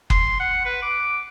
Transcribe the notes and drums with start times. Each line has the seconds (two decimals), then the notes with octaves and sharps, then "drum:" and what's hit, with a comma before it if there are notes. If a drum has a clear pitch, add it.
0.10 C6, drum: kick F#1
0.40 F#5
0.65 B4
0.82 D6